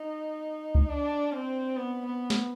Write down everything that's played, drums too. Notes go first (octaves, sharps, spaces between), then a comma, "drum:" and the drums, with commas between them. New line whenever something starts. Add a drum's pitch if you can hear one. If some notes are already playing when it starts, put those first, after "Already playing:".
Already playing: D#4
drum: kick C#2
D4
C4
B3
B3
drum: snare